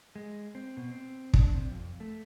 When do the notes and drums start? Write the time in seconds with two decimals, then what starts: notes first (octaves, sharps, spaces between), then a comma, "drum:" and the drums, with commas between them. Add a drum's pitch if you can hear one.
0.16 G#3
0.55 C4
0.77 B2
0.91 C4
1.34 D4, drum: kick
1.54 C3
1.71 F2
2.00 A3